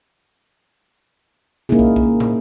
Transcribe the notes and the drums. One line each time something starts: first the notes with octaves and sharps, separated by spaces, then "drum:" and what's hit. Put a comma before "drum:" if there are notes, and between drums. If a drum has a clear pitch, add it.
A#3 C#4 D#4 E4 G#4
drum: kick
drum: kick
drum: tom